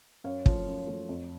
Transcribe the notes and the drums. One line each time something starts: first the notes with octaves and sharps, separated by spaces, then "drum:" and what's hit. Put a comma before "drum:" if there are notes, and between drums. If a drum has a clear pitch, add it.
F#2 C#5 F5
F3 A3, drum: kick
F#2
F3 A3
F2